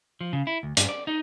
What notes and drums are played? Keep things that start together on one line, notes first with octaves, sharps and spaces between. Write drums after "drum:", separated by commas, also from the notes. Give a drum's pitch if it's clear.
F3
C#3
E4
D2
G2, drum: hi-hat
D5
D#4